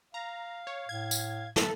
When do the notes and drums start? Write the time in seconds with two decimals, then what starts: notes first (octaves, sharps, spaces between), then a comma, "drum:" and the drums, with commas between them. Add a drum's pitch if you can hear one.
0.14 F5 A#5
0.67 C#5
0.89 A2 G#6
1.11 drum: tambourine
1.56 A4 E5, drum: snare